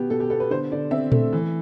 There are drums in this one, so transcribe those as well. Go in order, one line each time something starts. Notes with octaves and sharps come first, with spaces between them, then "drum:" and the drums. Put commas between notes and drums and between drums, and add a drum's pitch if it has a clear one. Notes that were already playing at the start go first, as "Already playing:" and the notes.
Already playing: B2 B3 G4
B2 A4
G4
B3 A4
B4
D3 C5
D3 D5
C4 E5
A3, drum: tom A#2
E3